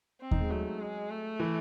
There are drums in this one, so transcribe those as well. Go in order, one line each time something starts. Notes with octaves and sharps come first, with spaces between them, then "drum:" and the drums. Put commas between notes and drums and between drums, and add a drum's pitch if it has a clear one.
C4
D#4, drum: kick D#2
G#3
F#3 A3
G#3
A3
E3